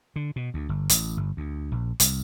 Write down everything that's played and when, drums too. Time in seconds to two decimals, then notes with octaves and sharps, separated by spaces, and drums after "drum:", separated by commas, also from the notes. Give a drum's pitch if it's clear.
0.16 D3
0.36 B2
0.54 D2
0.69 G1
0.89 A1, drum: hi-hat
1.17 G1
1.37 D2
1.72 A#1
2.00 C2, drum: hi-hat